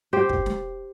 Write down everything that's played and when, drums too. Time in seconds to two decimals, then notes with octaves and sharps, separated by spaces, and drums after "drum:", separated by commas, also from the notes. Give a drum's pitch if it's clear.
0.13 G4 C5
0.29 drum: kick
0.46 drum: snare